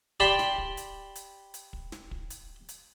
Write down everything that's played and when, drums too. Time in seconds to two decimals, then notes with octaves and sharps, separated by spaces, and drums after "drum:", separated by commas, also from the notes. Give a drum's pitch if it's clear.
0.20 G4 D5 G5 A5 B5 C6, drum: kick
0.39 drum: snare
0.58 drum: kick
0.77 drum: hi-hat
1.16 drum: hi-hat
1.54 drum: hi-hat
1.73 drum: kick
1.92 drum: snare
2.11 drum: kick
2.30 drum: hi-hat
2.69 drum: hi-hat